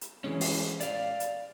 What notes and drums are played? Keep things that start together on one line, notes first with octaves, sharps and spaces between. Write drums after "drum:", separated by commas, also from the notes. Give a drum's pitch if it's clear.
drum: hi-hat
E3 G#3 C#4
drum: open hi-hat
D5 F5, drum: hi-hat
drum: hi-hat